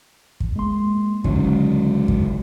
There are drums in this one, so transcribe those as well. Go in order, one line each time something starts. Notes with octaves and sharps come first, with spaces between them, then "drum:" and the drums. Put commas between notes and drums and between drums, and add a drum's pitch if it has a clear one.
drum: kick
G#3 A#3 C6
C#2 D3 F#3 G#3 C#4 D#4, drum: kick
drum: kick